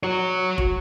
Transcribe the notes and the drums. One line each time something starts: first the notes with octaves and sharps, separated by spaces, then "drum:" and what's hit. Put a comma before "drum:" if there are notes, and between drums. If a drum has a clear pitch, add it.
F#4 C#5
drum: kick